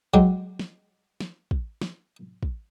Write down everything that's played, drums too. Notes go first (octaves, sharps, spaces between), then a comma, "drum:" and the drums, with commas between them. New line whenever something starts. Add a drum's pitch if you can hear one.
F#3 G#3 G4, drum: kick
drum: snare
drum: snare
drum: kick
drum: snare
drum: kick